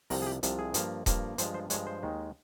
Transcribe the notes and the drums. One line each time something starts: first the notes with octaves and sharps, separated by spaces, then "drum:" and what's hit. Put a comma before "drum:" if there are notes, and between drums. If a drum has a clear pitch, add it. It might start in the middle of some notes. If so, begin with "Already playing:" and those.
C2 C3 F3 A#4, drum: open hi-hat
G#4
G4
C2 C3 F3, drum: hi-hat
G#4
G2 F3 A#3, drum: hi-hat
G2 F3 A#3, drum: kick D#1, hi-hat
G2 F3 G#3 C5, drum: hi-hat
C5
G2 F3 G#3 C#5, drum: hi-hat
C5
D#2 D#3 G#3